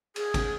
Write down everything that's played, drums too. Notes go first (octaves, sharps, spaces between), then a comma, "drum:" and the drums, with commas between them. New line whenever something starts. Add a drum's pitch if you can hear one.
G#4, drum: cymbal
drum: kick G#1, cymbal